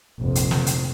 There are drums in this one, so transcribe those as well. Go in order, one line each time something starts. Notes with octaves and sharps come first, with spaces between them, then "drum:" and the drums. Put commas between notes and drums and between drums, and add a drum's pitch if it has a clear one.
F1 A#1
drum: hi-hat
drum: snare
drum: hi-hat